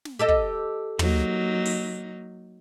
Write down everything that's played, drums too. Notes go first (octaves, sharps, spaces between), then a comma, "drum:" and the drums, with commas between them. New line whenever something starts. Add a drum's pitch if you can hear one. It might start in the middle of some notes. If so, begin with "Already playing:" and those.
drum: snare
G4 A4 D#5
drum: kick
F#3 A#3 D#4, drum: tom
drum: open hi-hat